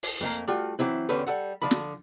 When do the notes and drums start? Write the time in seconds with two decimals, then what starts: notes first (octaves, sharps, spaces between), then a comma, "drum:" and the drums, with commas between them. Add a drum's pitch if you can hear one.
0.03 drum: open hi-hat
0.21 F2 A3 A#3 A#4
0.48 G3 A3 F4 F#4 A4
0.79 E3 F#3 C4 E4
1.09 E2 D3 C#4 G4 A4 B4
1.27 G3 A4 F#5
1.62 D3 F3 A4 B5
1.71 drum: snare